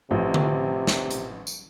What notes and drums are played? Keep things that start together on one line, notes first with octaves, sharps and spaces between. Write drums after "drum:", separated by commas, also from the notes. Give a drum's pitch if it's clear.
A1 C3 F3
drum: tom D3
drum: snare
drum: hi-hat
drum: tambourine